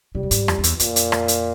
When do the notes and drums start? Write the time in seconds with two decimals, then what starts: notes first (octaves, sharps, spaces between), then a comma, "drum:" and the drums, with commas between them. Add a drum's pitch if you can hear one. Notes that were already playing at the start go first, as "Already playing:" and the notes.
0.15 C3 G3
0.23 G2
0.31 G#2, drum: hi-hat
0.48 F2, drum: rim click
0.59 F2
0.64 E2, drum: hi-hat
0.80 F2 A#2, drum: hi-hat
0.96 drum: hi-hat
1.12 drum: rim click
1.28 drum: hi-hat